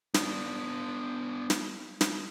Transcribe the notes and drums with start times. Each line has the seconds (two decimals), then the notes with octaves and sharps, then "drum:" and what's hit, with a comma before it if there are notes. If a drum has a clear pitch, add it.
0.14 B3 D4, drum: snare
1.50 drum: snare
2.01 drum: snare